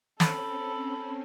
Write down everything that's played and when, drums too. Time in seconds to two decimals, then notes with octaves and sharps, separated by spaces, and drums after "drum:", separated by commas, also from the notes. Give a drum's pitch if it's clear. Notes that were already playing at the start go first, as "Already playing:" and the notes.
0.20 C4 C#4 A4 B5, drum: snare